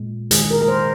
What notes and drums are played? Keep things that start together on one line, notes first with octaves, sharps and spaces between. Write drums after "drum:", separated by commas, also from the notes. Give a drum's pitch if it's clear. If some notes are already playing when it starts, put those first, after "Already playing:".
Already playing: A#2 G#3
C3 D#3 G#3 G#4, drum: hi-hat
A#4
A#4
C5